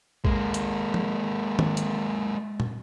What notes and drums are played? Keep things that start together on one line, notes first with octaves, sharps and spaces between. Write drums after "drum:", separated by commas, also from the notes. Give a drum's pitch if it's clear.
G#3 A#3, drum: kick A1
drum: hi-hat
drum: tom
drum: tom
drum: hi-hat
drum: tom